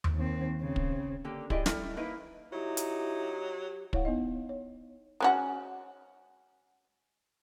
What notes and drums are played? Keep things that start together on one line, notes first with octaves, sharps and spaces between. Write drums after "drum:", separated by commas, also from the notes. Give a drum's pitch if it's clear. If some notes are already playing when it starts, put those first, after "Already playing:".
drum: tom D#2
D#2 C4
C#3 C4
drum: kick
D3 A#3 G4
E4 G4 G#4 D5 D#5, drum: kick
G3 A3 E4, drum: snare
A#3 D#4 E4 B4
F#3 D#4 E4 G4
drum: hi-hat
E4 C#5 F5 F#5, drum: kick
B3 D#4 D#5
C#5
G#3 C#4 F#4